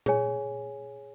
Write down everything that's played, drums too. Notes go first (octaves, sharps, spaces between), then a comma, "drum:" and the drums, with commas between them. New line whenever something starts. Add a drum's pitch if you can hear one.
G#4 C#5 G#5, drum: tom A#2